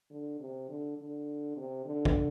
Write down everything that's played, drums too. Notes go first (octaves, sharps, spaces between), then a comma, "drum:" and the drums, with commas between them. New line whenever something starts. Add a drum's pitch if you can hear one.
D3
C3
D3
D3
C3
D3
drum: kick